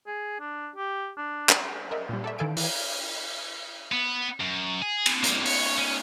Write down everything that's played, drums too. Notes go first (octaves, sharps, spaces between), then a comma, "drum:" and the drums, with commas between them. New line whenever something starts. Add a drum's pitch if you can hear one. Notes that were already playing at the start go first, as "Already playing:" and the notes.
G#4
D4
G4
D4
drum: clap
A#4 D#5 E5
A#2 G3
A4 D5 E5
D#3 E3 A4 F5 G#5 D7
E3, drum: open hi-hat
B3
F#2
G#4
drum: cymbal
G3 A#3, drum: hi-hat
C#5, drum: open hi-hat
C#4